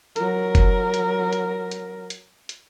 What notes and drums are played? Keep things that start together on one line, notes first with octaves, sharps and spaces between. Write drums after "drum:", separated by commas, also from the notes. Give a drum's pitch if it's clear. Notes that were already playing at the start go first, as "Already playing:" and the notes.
F#3 A#4, drum: hi-hat
drum: kick F#1, hi-hat
drum: hi-hat
drum: hi-hat
drum: hi-hat
drum: hi-hat
drum: hi-hat